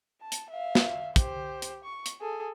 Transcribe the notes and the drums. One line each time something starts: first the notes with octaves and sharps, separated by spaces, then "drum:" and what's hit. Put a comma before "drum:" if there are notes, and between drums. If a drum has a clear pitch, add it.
A5
drum: hi-hat
E5 F5
drum: snare
G4 C5, drum: kick, hi-hat
drum: hi-hat
C#6
drum: hi-hat
G#4 A4